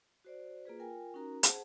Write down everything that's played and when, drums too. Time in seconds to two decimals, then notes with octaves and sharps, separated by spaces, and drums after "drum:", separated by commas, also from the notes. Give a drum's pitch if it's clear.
0.25 F#4 C5 D5
0.65 A#3 F4 G#4 B4
0.80 F4 A#4 G5 G#5
1.14 C#4 D#4 F#4 A#4 A#5
1.43 G#4 C5 F#5 A5, drum: hi-hat